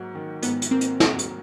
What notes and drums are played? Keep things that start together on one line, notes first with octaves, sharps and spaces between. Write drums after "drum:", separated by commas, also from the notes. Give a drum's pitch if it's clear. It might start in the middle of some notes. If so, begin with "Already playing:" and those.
Already playing: G#2 F#3 A#3
D#3
G#2 B3, drum: hi-hat
drum: hi-hat
A#3 C4
drum: hi-hat
F#3, drum: snare
drum: hi-hat